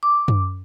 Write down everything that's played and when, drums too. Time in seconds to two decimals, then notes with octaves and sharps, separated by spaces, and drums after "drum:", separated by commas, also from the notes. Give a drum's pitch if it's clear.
0.03 D6
0.28 drum: tom F#2